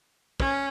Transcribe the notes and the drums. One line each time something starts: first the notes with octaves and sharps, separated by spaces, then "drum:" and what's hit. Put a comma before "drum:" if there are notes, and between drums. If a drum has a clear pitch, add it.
C#4, drum: kick